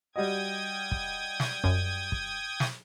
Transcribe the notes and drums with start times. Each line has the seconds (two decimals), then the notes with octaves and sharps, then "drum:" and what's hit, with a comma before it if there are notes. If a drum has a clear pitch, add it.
0.16 G3 F#4 D#5 G5 D#6 G#6
0.91 drum: kick
1.40 drum: snare
1.64 F#2, drum: kick
2.12 drum: kick
2.60 drum: snare